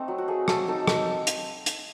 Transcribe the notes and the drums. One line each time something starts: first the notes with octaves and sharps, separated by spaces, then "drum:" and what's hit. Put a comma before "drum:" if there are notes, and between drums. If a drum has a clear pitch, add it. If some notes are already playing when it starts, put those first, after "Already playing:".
Already playing: A3 C4 D#4 A4
F#3
F#4
A3 G#4
A3 A4, drum: rim click
D#4 A4
drum: rim click
drum: hi-hat
drum: hi-hat